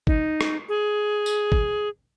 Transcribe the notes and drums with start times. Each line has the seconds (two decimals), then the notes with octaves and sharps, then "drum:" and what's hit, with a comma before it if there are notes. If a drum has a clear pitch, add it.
0.07 D#4, drum: kick
0.41 drum: rim click
0.69 G#4
1.26 drum: tambourine
1.52 drum: kick